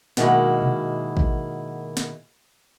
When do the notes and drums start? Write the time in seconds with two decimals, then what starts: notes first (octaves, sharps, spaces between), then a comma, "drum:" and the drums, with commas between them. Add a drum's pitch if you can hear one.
0.17 B2 D#3 G#3 A#3 E4 F#4, drum: snare
0.62 drum: tom B2
1.17 drum: kick
1.97 drum: snare